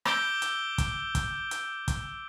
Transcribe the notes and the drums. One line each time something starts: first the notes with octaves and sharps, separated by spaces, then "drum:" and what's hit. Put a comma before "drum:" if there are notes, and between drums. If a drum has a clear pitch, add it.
D6 E6 G6 D7 G7, drum: rim click
drum: hi-hat
drum: kick, hi-hat
drum: kick, hi-hat
drum: hi-hat
drum: kick, hi-hat